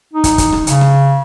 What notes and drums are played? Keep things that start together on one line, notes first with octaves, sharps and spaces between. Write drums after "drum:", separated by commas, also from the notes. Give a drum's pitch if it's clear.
D#4
drum: kick, hi-hat
drum: kick, hi-hat
drum: rim click
C#3, drum: hi-hat
drum: rim click